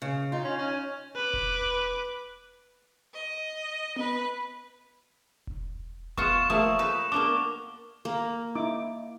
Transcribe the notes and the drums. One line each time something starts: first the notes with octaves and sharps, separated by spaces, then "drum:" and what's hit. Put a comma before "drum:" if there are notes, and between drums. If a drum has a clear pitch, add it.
C#3
D#4 F4
C#4
C#4
B4 D6
drum: kick E1
D#5
B4, drum: tom B3
drum: kick E1
B3 F4 F#5 C#6 E7, drum: kick E1
F3 A3 A#3 D#6
D#4 B4
A#3 B3 D4 D6 G7
A#3
D#4 E4 D6